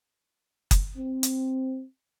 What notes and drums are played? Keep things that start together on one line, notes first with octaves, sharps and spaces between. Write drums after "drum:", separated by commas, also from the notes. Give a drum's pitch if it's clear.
drum: kick F#1, hi-hat
C4
drum: hi-hat